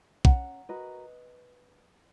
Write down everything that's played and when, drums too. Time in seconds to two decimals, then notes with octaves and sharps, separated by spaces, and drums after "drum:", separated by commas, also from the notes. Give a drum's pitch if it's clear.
0.25 C#4 F#5 A#5, drum: kick
0.69 F#4 A#4 B4 D#5